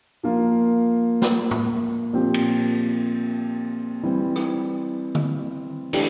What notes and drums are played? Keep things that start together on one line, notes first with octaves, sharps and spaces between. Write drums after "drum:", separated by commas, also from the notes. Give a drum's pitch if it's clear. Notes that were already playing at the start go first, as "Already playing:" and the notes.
F3 A#3 F4
drum: snare
drum: tom
A#2 F3 C4 G4
drum: cymbal
E3 G3 C4
drum: rim click
drum: tom D3
E3 A3 D4 G4, drum: open hi-hat